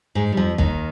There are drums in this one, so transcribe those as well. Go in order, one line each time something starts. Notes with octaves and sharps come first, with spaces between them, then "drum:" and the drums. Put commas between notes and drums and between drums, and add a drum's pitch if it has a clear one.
G#2 G#3
G3
F2 F3
D#2 D#3, drum: kick